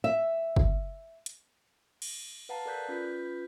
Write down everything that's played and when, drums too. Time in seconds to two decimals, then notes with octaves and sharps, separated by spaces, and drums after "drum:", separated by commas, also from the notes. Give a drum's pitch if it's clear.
0.04 E5
0.56 drum: kick
1.26 drum: hi-hat
2.02 drum: cymbal
2.49 B4 F5 F#5 A5 A#5
2.66 A4 A#4 D5 F#6 G6 B6
2.88 C#4 F4 B4 G6 B6